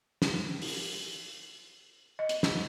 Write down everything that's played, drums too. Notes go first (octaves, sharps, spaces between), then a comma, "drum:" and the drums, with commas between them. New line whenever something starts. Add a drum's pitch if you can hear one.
drum: snare
drum: open hi-hat
D#5
drum: hi-hat
drum: snare